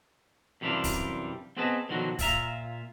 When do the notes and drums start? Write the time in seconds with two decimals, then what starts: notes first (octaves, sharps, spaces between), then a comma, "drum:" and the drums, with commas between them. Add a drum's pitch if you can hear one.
0.61 F#2 C3 E3 G3 D4 F4
0.84 drum: kick, open hi-hat
1.57 B3 C4 G#4 B4 D#5 A5
1.89 B2 D3 D#3 F3 F#3 F#4
2.19 A#2 F4 E5 A#5, drum: kick, open hi-hat